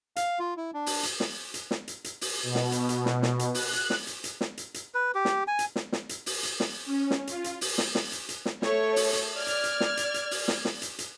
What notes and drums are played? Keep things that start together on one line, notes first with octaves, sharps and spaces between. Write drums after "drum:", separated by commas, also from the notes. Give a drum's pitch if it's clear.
F5, drum: hi-hat
F4
E4
D4
drum: open hi-hat
drum: hi-hat
drum: snare
drum: hi-hat
drum: snare
drum: hi-hat
drum: hi-hat
drum: open hi-hat
B2
drum: snare
drum: hi-hat
drum: hi-hat
drum: snare
drum: snare
drum: hi-hat
F#6, drum: open hi-hat
drum: hi-hat
drum: snare
drum: hi-hat
drum: hi-hat
drum: snare
drum: hi-hat
drum: hi-hat
B4
G4
drum: snare
G#5
drum: hi-hat
drum: snare
drum: snare
drum: hi-hat
drum: open hi-hat
drum: hi-hat
drum: snare
C#4
drum: snare
F4, drum: hi-hat
drum: hi-hat
drum: open hi-hat
drum: snare
drum: snare
drum: hi-hat
drum: hi-hat
drum: snare
A3 C#5, drum: snare
drum: open hi-hat
drum: hi-hat
D5 F6 G#6
drum: hi-hat
drum: hi-hat
drum: snare
drum: hi-hat
drum: hi-hat
drum: open hi-hat
drum: snare
drum: snare
drum: hi-hat
drum: hi-hat